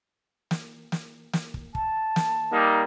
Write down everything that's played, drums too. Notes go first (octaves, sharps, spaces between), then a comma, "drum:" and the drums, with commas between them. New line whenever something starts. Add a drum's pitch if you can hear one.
drum: snare
drum: snare
drum: snare
drum: kick
A5, drum: kick
drum: snare
G3 A#3 D#4